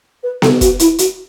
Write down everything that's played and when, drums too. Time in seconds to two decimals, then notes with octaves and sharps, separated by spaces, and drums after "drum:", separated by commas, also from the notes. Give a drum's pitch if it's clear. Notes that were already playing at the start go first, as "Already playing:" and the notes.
0.23 B4
0.42 A4, drum: snare B3
0.61 F#4, drum: kick, hi-hat
0.79 E4, drum: hi-hat
0.98 F#4, drum: hi-hat